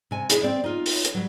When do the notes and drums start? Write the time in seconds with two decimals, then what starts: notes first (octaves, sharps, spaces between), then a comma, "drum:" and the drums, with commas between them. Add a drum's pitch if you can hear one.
0.11 C3 G#5
0.30 D4 E4 G#4 A4, drum: hi-hat
0.43 C4 D5
0.64 D#4 F4
0.86 drum: open hi-hat
1.04 drum: hi-hat
1.14 F#3 G3